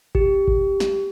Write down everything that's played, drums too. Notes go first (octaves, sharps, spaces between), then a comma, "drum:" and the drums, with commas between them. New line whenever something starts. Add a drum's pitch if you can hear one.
G4, drum: kick G#1
drum: kick G#1
drum: snare